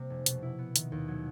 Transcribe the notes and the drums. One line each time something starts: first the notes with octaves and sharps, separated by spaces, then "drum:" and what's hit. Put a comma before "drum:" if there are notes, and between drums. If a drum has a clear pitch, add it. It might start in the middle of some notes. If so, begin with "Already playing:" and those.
Already playing: C3 G3 A#3
F1
B2, drum: hi-hat
E4
B3
D#3, drum: hi-hat
D#2
F#3